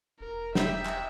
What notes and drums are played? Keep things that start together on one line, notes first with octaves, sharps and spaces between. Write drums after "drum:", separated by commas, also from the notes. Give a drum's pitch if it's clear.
E1 A#4
D#4 G4 E5, drum: snare
drum: clap